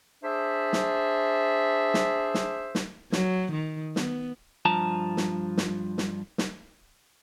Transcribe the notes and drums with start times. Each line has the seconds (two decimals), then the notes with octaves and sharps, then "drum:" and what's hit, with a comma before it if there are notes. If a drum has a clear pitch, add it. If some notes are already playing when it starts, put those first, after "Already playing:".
0.23 D4 G#4 C5 E5
0.73 drum: snare
1.94 drum: snare
2.34 drum: snare
2.75 drum: snare
3.12 F#3, drum: snare
3.52 D#3
3.96 B3, drum: snare
4.65 G2 F3 A5 A#5
5.17 drum: snare
5.58 drum: snare
5.98 drum: snare
6.38 drum: snare